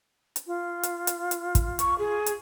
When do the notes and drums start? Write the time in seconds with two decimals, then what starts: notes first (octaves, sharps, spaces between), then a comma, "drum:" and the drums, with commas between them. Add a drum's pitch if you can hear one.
0.36 drum: hi-hat
0.47 F4
0.83 drum: hi-hat
1.07 drum: hi-hat
1.31 drum: hi-hat
1.55 drum: kick, hi-hat
1.79 C#6, drum: hi-hat
1.98 G#4
2.26 drum: hi-hat